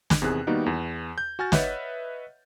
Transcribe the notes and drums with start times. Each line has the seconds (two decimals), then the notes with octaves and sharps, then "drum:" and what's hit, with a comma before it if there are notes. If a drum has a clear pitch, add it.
0.10 drum: snare
0.22 E2 C3 D#3 C4 G#4 F#6
0.47 D#3 G3 A#3 B3 D#4 F#4
0.66 E2
1.18 G6
1.39 F#4 G#5 F6 A6
1.52 B4 C#5 D#5 E5 F#5, drum: snare